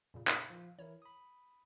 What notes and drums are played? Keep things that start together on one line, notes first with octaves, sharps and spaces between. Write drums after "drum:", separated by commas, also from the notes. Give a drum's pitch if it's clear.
F2 A#2 C#3
drum: clap
F3 F5
E3 E4 A#4 C#5
B5 D#6